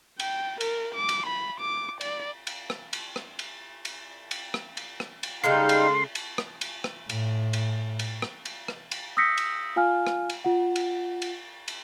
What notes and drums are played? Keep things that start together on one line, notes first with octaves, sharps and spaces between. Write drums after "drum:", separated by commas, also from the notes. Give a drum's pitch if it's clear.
G5, drum: cymbal
A#4, drum: cymbal
D6
drum: cymbal
B5
D6
D5, drum: cymbal
drum: cymbal
drum: rim click
drum: cymbal
drum: rim click
drum: cymbal
drum: cymbal
drum: cymbal
drum: rim click
drum: cymbal
drum: rim click
drum: cymbal
C#3 G3 G#3 D#4 A4 F5 C6
drum: cymbal
drum: cymbal
drum: rim click
drum: cymbal
drum: rim click
A2, drum: cymbal
drum: cymbal
drum: cymbal
drum: rim click
drum: cymbal
drum: rim click
drum: cymbal
D#6 E6 G6 A#6 B6 C#7
drum: cymbal
F4 F5 G#5 F6
drum: rim click
drum: cymbal
F4 F#5
drum: cymbal
drum: cymbal
drum: cymbal